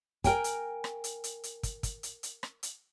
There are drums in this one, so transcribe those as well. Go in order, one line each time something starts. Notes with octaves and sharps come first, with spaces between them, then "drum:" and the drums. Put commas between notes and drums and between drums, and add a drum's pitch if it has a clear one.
A#4 G5 G#5, drum: kick, hi-hat
drum: hi-hat
drum: rim click
drum: hi-hat
drum: hi-hat
drum: hi-hat
drum: kick, hi-hat
drum: kick, hi-hat
drum: hi-hat
drum: hi-hat
drum: rim click
drum: hi-hat